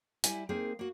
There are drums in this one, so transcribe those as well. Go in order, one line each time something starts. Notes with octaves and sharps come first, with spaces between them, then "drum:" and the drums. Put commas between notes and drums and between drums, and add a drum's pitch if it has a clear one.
G3 E4 E5 G#5, drum: hi-hat
A#3 C4 D#4 G#4 A#4
A#3 F#4